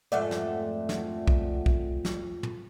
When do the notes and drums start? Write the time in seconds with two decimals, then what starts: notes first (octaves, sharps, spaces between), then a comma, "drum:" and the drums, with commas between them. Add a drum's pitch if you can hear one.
0.12 F2 G#2 A3 D5 E5 F#5
0.31 drum: snare
0.89 drum: snare
1.28 drum: kick
1.66 drum: kick
2.05 drum: snare
2.43 drum: tom